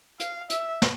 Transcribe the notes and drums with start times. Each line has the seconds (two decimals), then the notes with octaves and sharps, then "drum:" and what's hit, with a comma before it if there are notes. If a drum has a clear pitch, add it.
0.20 F5, drum: hi-hat
0.50 E5, drum: hi-hat
0.82 drum: snare